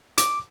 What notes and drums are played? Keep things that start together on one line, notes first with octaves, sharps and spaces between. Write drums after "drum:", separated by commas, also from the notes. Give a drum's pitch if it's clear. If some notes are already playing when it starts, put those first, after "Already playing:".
D6, drum: hi-hat